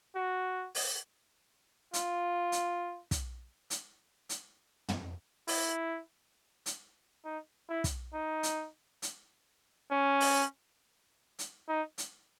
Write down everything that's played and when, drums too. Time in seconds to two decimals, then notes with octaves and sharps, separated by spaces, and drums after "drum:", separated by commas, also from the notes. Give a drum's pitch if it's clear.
0.15 F#4
0.75 drum: open hi-hat
1.94 F4, drum: hi-hat
2.52 drum: hi-hat
3.11 drum: kick, hi-hat
3.70 drum: hi-hat
4.29 drum: hi-hat
4.89 drum: tom
5.48 E4, drum: open hi-hat
6.66 drum: hi-hat
7.24 D#4
7.69 E4
7.84 drum: kick, hi-hat
8.14 D#4
8.43 drum: hi-hat
9.02 drum: hi-hat
9.91 C#4
10.20 drum: open hi-hat
11.39 drum: hi-hat
11.68 D#4
11.98 drum: hi-hat